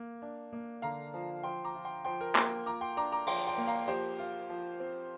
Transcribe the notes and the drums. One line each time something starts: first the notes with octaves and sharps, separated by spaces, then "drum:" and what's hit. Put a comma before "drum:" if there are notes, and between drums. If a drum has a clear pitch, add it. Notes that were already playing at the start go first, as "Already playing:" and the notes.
Already playing: A#3
D4
A#3
D3 F5 A#5
F3
F3 G5 C6
A#5 D6
F4
G5 C6
F3 G5 C6
A#4
A#3 G5 C6, drum: clap
F4 A#5 D6
G5 C6
D4 A#5 D6
A#5 D6
F3 G5 C6, drum: cymbal
G5 C6
A#3
F5 A#5
F3 G4 C5
F4
F3
C4